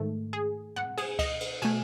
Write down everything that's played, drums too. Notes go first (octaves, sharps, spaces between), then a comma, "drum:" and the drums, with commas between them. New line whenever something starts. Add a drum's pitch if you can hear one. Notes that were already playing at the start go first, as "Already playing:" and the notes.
Already playing: G#2 D#3 A3
G#4
F#5, drum: tom
G#4, drum: cymbal
D#5, drum: kick C#2, cymbal
drum: cymbal
B2 A3 G#5, drum: cymbal